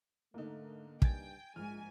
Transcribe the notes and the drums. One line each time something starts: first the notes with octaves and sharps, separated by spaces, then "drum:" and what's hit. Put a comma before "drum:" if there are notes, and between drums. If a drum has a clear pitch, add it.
G#2 D3 A3 A#3 D#4
G2 G5 G#5 G#6 A6, drum: kick
A#1 G#2 G#3 G#5 F6